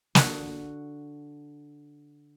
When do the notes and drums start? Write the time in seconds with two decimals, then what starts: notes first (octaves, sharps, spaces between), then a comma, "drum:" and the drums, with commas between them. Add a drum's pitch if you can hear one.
0.15 D3 F#4, drum: snare